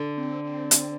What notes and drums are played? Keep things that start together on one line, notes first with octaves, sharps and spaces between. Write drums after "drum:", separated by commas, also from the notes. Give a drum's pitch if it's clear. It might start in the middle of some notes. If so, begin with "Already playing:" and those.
Already playing: D3
C4
C4
drum: hi-hat